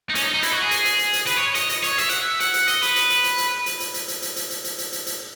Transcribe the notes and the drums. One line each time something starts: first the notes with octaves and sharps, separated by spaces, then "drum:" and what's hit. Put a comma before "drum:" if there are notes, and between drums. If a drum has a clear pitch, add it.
D#4
C#4, drum: hi-hat
D#4
D#4
E4, drum: hi-hat
F#4
G#4
drum: hi-hat
drum: hi-hat
drum: hi-hat
drum: hi-hat
B4, drum: hi-hat
C#5
D#5, drum: hi-hat
drum: hi-hat
C#5, drum: hi-hat
E5, drum: hi-hat
F#5, drum: hi-hat
E5
F#5, drum: hi-hat
drum: hi-hat
D#5, drum: hi-hat
B4, drum: hi-hat
drum: hi-hat
drum: hi-hat
drum: hi-hat
drum: hi-hat
drum: hi-hat
drum: hi-hat
drum: hi-hat
drum: hi-hat
drum: hi-hat
drum: hi-hat
drum: hi-hat
drum: hi-hat
drum: hi-hat
drum: hi-hat
drum: hi-hat